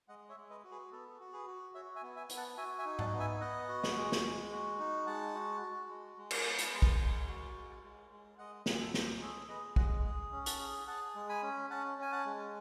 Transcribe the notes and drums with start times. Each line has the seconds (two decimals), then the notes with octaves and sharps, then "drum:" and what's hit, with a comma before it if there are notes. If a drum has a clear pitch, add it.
0.08 G#3 D#5 F#5
0.29 C#5 E5
0.37 G#3
0.50 B4 D#5
0.64 F#4
0.71 G#4 B4
0.92 B3 A4
1.20 F#4
1.33 G#4 B4
1.47 F#4
1.75 F#4 C#5 E5
1.96 E5 G#5
2.03 B3
2.16 E5 G#5
2.29 B3, drum: hi-hat
2.37 F#5 A5
2.57 F#4 E5 G#5
2.78 E5 G#5
2.85 D#4
2.99 F#5 A5, drum: tom G#2
3.13 B3
3.20 E5 G#5
3.40 B3 D#5 F#5
3.69 F#4
3.84 drum: snare
3.96 G#3
4.12 drum: snare
4.23 G#3
4.52 F#4
4.79 D#4
5.06 G#3 F#5 A5
5.34 F#4
5.62 F#4
5.89 G#3
6.18 G#3
6.31 drum: cymbal
6.45 B3
6.58 drum: hi-hat
6.73 G#3
6.82 drum: kick
7.00 G#3
7.27 F#4
7.55 G#3
7.83 G#3
8.11 G#3
8.38 G#3 D#5 F#5
8.66 G#3, drum: snare
8.80 A4
8.94 G#3, drum: snare
9.21 G#4 A4 C#5
9.49 G#4 B4 D#5
9.76 G#3 D#5 F#5, drum: kick
10.05 G#4
10.32 C#4
10.46 F#5 A5, drum: hi-hat
10.59 G#4
10.87 G#4 F#5 A5
11.15 G#3
11.29 G#5 B5
11.43 C#4
11.70 C#4 F#5 A5
11.98 C#4 G#5
12.12 F#5 A5
12.25 G#3